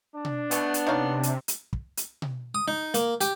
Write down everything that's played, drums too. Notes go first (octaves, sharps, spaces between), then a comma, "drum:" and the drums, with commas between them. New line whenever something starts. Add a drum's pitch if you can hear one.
D4
drum: tom B2
B2 A3 B3, drum: hi-hat
drum: hi-hat
C3 D#4 C#5 F5
drum: hi-hat
drum: hi-hat
drum: kick
drum: hi-hat
drum: tom B2
D#6
D#4
A#3, drum: hi-hat
G4, drum: hi-hat